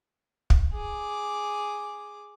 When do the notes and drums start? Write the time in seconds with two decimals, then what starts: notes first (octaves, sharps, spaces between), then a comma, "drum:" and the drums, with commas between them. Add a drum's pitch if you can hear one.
0.50 drum: kick
0.73 G#4 D6